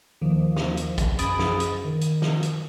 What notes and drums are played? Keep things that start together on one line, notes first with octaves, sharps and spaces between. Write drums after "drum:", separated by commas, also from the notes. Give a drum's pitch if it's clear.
D#2 D#3 F3
drum: snare
drum: hi-hat
drum: kick, hi-hat
F#2 G#4 B5 D#6 A6 D7, drum: hi-hat
drum: snare
drum: hi-hat
D#3
drum: hi-hat
drum: snare
drum: hi-hat